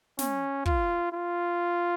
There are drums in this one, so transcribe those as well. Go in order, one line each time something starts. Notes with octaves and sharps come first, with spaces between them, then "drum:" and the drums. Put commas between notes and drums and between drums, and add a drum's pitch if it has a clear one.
C#4, drum: snare
F4, drum: kick
F4